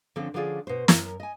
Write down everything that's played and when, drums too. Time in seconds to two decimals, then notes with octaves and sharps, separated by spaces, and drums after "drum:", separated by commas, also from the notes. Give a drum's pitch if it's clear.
0.16 D3 F3 C4 C#4 A4
0.34 D3 F3 C#4 F4 G#4 D5
0.67 B2 C5
0.88 F#2 A#4, drum: snare
1.20 D#5 G#5